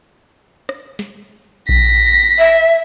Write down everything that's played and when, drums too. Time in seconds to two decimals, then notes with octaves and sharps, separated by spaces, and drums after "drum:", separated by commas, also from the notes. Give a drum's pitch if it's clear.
0.69 drum: rim click
0.99 drum: snare
1.69 A#6 B6, drum: kick A#1
2.39 E5